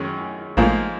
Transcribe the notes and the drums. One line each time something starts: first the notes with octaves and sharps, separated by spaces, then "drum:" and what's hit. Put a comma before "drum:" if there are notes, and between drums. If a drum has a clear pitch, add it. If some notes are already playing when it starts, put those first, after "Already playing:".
Already playing: F#2 D#3 G#3
G#2 F3 A#3, drum: kick G#1